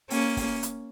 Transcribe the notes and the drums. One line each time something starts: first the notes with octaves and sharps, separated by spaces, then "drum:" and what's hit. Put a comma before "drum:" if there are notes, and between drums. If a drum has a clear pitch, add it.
A#3 C#4, drum: open hi-hat
drum: kick, open hi-hat
drum: hi-hat